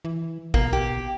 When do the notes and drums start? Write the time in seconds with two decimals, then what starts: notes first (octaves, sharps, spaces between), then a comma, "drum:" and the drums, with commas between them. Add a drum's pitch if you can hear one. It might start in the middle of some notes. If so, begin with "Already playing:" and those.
0.05 E3
0.54 B2 A#3, drum: kick
0.73 G4